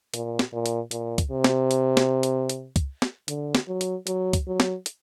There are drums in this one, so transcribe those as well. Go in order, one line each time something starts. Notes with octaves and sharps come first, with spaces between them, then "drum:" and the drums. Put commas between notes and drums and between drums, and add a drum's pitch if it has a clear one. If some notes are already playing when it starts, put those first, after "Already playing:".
A#2, drum: hi-hat
drum: snare
A#2
drum: hi-hat
A#2, drum: hi-hat
drum: kick, hi-hat
C3
drum: snare
drum: hi-hat
drum: snare
drum: hi-hat
drum: hi-hat
drum: kick, hi-hat
drum: snare
D3, drum: hi-hat
drum: snare
F#3
drum: hi-hat
F#3, drum: hi-hat
drum: kick, hi-hat
F#3
drum: snare
drum: hi-hat